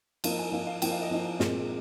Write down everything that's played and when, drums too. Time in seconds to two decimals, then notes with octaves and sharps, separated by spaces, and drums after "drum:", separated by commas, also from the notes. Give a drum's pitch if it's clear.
0.24 F3 A#3 D#4 F5, drum: cymbal
0.39 G#5
0.52 F3 A#3 D#4 F5
0.67 F5
0.82 F3 A#3 D#4 G5, drum: cymbal
0.92 F5
1.02 D#5
1.11 F3 A#3 D#4
1.40 A#2 G#3 C4, drum: snare